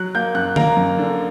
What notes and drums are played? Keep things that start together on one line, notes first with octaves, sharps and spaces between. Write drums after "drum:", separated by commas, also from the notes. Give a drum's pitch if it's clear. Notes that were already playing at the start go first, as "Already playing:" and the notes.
Already playing: F#3 F#6
A#3 G6
F#2 F#6
A#3 A#5, drum: tom D3
F#2
D3